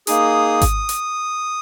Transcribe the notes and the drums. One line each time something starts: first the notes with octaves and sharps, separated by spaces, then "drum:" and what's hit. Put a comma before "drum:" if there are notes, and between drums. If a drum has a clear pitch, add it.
A#3 D#4 G#4 D#6, drum: hi-hat
drum: kick G#1, hi-hat
drum: hi-hat